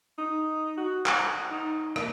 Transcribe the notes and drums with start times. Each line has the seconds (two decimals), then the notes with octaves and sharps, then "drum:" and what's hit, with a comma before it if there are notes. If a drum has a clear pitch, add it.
0.18 D#4
0.78 F#4
1.06 F#5, drum: clap
1.51 D#4
1.96 A#3, drum: rim click